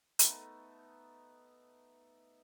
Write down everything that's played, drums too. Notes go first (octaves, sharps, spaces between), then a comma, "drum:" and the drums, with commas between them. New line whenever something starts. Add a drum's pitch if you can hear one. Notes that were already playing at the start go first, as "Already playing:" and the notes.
A3 B3 D#4, drum: hi-hat